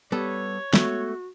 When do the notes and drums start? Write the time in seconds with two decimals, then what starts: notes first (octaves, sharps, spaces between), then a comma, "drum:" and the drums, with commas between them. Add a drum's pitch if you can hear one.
0.12 G3 B3 A4 C#5
0.73 G#3 A3 B3 F#4, drum: snare